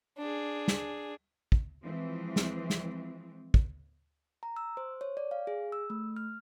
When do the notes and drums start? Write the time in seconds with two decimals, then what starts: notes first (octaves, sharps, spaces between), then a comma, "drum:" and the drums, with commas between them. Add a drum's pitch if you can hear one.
0.18 D4 G#4
0.68 drum: snare
1.52 drum: kick
1.83 E3 F3 G#3 C4
2.36 drum: snare
2.70 drum: snare
3.54 drum: kick
4.43 A#5
4.57 E6
4.77 C5
5.01 C#5
5.17 D5
5.31 F5
5.47 G#4
5.72 E6
5.90 A3
6.16 F6